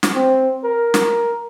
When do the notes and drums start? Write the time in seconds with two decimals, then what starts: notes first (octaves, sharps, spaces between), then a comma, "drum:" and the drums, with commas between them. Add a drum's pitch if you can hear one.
0.03 drum: snare
0.15 C4
0.64 A#4
0.94 drum: snare